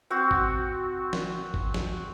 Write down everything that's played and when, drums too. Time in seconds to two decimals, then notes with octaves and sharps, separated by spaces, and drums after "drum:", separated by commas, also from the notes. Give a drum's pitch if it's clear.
0.10 C4 F#4
0.31 drum: kick G#1
1.13 drum: snare
1.54 drum: kick G#1
1.74 drum: snare